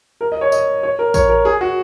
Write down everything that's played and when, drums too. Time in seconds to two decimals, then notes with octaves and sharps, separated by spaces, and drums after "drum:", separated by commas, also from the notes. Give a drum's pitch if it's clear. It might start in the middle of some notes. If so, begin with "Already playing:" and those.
0.21 A#4
0.32 D#5
0.41 C#5
0.52 D#5, drum: tambourine
0.83 C#5
0.99 A#4
1.14 C#5, drum: kick, tambourine
1.29 A#4
1.45 G#4
1.61 F#4